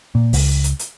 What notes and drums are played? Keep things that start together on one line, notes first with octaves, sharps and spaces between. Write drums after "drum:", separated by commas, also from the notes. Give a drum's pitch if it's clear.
A#2
C#2, drum: open hi-hat
drum: hi-hat
drum: hi-hat